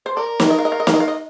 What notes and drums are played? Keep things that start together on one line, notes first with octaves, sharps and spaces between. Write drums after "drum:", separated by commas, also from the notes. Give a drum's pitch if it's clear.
C5
A#4 D5
drum: snare
D#5
F5
D#5
F5
D#5
F5, drum: snare
D#5
F5
D#5